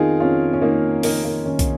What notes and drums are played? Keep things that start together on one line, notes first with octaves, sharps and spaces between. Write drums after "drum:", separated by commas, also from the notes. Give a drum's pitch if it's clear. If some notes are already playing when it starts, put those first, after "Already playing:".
Already playing: F2 D#3 D#4 F4 G#4 A#4
F2 C#4 F4
C#4
D#3 A#3 D#4
F2 A#3 D#4, drum: open hi-hat
A#3
D#3 C#4
drum: kick, hi-hat